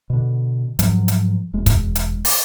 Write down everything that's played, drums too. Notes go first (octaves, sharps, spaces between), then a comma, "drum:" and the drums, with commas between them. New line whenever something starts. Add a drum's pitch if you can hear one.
B2 D3
G#2 F3 F#3, drum: hi-hat
drum: hi-hat
E1 G#3
drum: kick, hi-hat
drum: hi-hat
drum: open hi-hat